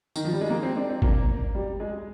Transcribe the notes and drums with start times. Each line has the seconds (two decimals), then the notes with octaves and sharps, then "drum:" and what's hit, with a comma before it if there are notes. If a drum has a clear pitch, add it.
0.16 D#3, drum: tambourine
0.25 F3
0.33 G3
0.41 G#3
0.50 A#3
0.63 C4
0.77 D4
0.89 C4
1.02 A#3, drum: kick G#1
1.55 G3
1.80 G#3